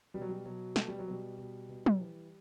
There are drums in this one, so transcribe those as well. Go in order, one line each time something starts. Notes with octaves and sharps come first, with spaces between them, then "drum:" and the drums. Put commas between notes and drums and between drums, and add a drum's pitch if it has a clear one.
B2 G3
F#3
G3
B2 F#3
B2 A3, drum: snare
G3
F#3
B2 G3
B2
B2
drum: tom
E3